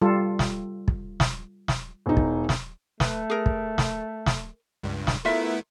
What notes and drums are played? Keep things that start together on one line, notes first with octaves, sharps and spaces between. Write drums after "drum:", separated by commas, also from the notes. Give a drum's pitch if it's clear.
G3 F4 A4
drum: snare
drum: kick
drum: snare
drum: snare
E1 D#4
drum: kick
drum: snare
A3 B4, drum: snare
G#4 A#4
drum: kick
drum: snare
drum: snare
C#2 G2
drum: snare
A3 B3 E4 F4 A#4 E5